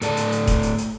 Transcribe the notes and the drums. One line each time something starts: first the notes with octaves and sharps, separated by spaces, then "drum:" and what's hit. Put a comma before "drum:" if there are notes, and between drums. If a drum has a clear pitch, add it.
A2 A4 D5 A5, drum: hi-hat
drum: hi-hat
drum: hi-hat
drum: kick E1, hi-hat
drum: hi-hat
drum: hi-hat